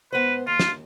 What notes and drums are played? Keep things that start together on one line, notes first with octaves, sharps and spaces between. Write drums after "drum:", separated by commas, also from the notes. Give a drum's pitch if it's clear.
G#2 B3 B4 C5
D#2 F4
drum: snare